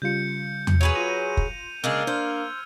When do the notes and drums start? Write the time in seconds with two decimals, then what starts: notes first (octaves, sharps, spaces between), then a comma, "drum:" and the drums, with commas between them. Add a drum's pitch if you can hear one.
0.02 C#3 G3 F4 G6 C#7
0.67 drum: tom E2
0.81 F#3 G#4 B4 C#5 F7
0.95 F4 C6 A#6 D#7
1.37 drum: kick
1.84 C#3 G#3 A#3 D4 E6 F6 G#6
2.07 D4 C5